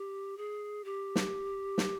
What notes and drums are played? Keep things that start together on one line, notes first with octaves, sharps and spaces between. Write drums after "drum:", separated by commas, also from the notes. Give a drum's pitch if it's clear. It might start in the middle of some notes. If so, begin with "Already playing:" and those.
Already playing: G4
G#4
G4
drum: snare
drum: snare